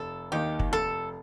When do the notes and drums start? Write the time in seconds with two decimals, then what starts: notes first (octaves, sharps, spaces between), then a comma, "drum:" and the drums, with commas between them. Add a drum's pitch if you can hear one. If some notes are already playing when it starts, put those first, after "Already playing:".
Already playing: F1 A4
0.32 D#2 D#3 A#3 D#4 G4
0.59 drum: kick
0.71 F1 A4